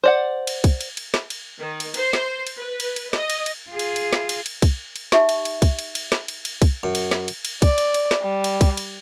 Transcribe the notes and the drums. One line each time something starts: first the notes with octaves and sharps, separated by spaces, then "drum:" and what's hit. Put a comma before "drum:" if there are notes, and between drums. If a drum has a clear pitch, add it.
C5 D5 F#5
drum: cymbal
drum: kick, cymbal
drum: cymbal
drum: cymbal
drum: snare
drum: cymbal
D#3
drum: cymbal
C5, drum: cymbal
drum: snare
drum: cymbal
B4
drum: cymbal
drum: cymbal
D#5, drum: snare
drum: cymbal
drum: cymbal
F4 G#4
drum: cymbal
drum: cymbal
drum: snare
drum: cymbal
drum: cymbal
drum: kick, cymbal
drum: cymbal
D#4 G4 E5 C#6, drum: snare
drum: cymbal
drum: cymbal
drum: kick, cymbal
drum: cymbal
drum: cymbal
drum: snare
drum: cymbal
drum: cymbal
drum: kick, cymbal
F#2
drum: cymbal
drum: snare
drum: cymbal
drum: cymbal
D5, drum: kick, cymbal
drum: cymbal
drum: cymbal
drum: snare
G3
drum: cymbal
drum: kick, cymbal
drum: cymbal